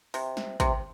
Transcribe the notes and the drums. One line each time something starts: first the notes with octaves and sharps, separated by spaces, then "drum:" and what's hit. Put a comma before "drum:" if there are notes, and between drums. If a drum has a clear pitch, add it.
C3, drum: open hi-hat
drum: snare
C3, drum: kick, hi-hat